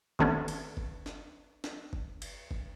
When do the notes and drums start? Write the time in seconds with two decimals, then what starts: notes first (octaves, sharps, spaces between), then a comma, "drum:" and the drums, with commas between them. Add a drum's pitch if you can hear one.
0.19 C3 D#3 A3 B3 C#4 D4, drum: kick F#1
0.48 drum: cymbal
0.77 drum: kick F#1
1.06 drum: snare
1.64 drum: snare
1.93 drum: kick F#1
2.22 drum: cymbal
2.51 drum: kick F#1